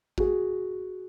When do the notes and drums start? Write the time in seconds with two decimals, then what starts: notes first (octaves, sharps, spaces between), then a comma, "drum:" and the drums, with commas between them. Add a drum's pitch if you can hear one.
0.18 F#4 G#4, drum: kick G#1